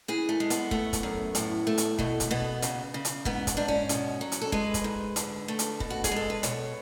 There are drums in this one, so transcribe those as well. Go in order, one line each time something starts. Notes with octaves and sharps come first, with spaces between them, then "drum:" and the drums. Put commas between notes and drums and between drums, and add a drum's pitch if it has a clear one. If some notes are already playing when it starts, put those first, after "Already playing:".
E3 G#4
A3
G#3
B3, drum: hi-hat
A3, drum: kick
drum: kick, hi-hat
F#2
A2, drum: hi-hat
A3
drum: hi-hat
B2 A3, drum: kick
drum: kick, hi-hat
B2 B3
C#3, drum: hi-hat
C#3
drum: hi-hat
G#2 B3, drum: kick
drum: kick, hi-hat
G#2 D4
C#4
B2, drum: hi-hat
F#3
drum: hi-hat
A4
G#3 B4, drum: kick
drum: kick, hi-hat
G#2
D3, drum: hi-hat
A3
drum: hi-hat
B2, drum: kick
F#4
G#4, drum: kick, hi-hat
G#3 A4
B4
B2 C#5, drum: hi-hat